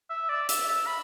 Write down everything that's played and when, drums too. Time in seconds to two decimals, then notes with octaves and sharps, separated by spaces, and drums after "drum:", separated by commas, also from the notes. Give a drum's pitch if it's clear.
0.10 E5
0.30 D5
0.49 E5, drum: hi-hat
0.69 E5
0.87 B5